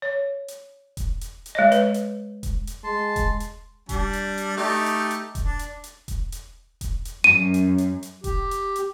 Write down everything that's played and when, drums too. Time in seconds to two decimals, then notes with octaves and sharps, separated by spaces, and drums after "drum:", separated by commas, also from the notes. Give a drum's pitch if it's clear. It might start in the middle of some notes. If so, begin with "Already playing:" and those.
0.02 C#5
0.48 drum: hi-hat
0.97 drum: kick E1, hi-hat
1.21 drum: hi-hat
1.46 drum: hi-hat
1.55 G#3 C#5 D#5
1.72 B4, drum: hi-hat
1.94 drum: hi-hat
2.43 drum: kick E1, hi-hat
2.67 drum: hi-hat
2.84 G#3 A5 C6
3.16 drum: kick E1, hi-hat
3.40 drum: hi-hat
3.89 G3 D4, drum: kick E1, hi-hat
4.13 drum: hi-hat
4.38 drum: hi-hat
4.57 A3 D#4 G4
4.86 drum: hi-hat
5.11 drum: hi-hat
5.35 drum: kick E1, hi-hat
5.44 D4
5.59 drum: hi-hat
5.84 drum: hi-hat
6.08 drum: kick E1, hi-hat
6.32 drum: hi-hat
6.81 drum: kick E1, hi-hat
7.05 drum: hi-hat
7.24 F#2 D#7
7.54 drum: hi-hat
7.78 drum: hi-hat
8.03 drum: hi-hat
8.24 G4, drum: kick E1, hi-hat
8.51 drum: hi-hat
8.76 drum: hi-hat